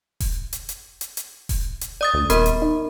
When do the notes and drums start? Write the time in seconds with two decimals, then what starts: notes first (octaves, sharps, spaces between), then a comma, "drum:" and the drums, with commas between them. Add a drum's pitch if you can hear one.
0.20 drum: kick E1, open hi-hat
0.53 drum: hi-hat
0.69 drum: hi-hat
1.01 drum: hi-hat
1.17 drum: hi-hat
1.49 drum: kick E1, open hi-hat
1.81 drum: hi-hat
2.01 D5 D#6 A6
2.14 D2
2.30 D#1 B3 A#4 B5, drum: hi-hat
2.46 drum: hi-hat
2.62 D#4